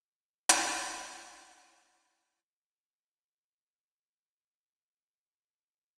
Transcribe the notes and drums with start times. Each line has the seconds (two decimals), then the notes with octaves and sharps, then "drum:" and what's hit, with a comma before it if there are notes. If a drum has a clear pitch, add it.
0.11 A#1 D#2 G3
0.49 drum: hi-hat
1.63 A3 F4 A5
3.72 C#3 C#4 F#5 F#6
5.21 D4 F#4 A4